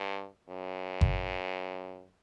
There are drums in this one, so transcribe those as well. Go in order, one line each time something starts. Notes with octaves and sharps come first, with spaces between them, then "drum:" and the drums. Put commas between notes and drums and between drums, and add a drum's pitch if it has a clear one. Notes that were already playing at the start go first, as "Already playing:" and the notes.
Already playing: G2
F#2
drum: kick F#1